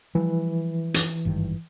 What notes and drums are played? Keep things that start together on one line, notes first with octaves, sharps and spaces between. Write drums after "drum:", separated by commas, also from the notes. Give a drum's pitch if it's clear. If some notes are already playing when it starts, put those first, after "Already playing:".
E3 F3 G3
drum: hi-hat
G#1 G2 D#3